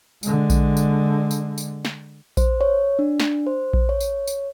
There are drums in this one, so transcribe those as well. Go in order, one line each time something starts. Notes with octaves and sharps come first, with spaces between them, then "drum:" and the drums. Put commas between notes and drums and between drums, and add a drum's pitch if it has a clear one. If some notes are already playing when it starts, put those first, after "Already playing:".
D3 G#3, drum: tambourine
drum: kick A#1, tambourine
drum: tambourine
drum: tambourine
drum: tambourine
drum: snare
C5, drum: kick A#1, tambourine
C#5
D4
drum: snare
C5
drum: kick A#1
C#5
drum: tambourine
drum: tambourine